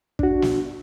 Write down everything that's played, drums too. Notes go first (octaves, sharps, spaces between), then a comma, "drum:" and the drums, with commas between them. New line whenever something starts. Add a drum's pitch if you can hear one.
D4 F#4, drum: kick
drum: snare